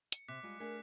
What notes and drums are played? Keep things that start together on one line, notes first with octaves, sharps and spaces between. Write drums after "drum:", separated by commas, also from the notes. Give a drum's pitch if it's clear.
C#7, drum: hi-hat
C3 D6 F#6 B6
G3 G#3 F4
A3 D4 G#4 A#4 B6